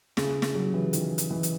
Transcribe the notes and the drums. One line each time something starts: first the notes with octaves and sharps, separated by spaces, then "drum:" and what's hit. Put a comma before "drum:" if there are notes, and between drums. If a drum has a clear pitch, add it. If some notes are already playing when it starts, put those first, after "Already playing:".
C#3, drum: snare
drum: snare
F#3
F#3
E3
D#3, drum: hi-hat
drum: hi-hat
E3
drum: hi-hat